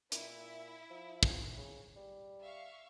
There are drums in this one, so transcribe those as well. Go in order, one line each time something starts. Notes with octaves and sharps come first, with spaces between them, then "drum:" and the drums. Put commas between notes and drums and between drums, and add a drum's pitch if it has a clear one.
A#2 E4 E5, drum: hi-hat
F3
drum: kick
C#3
G3
E5 F5 C#6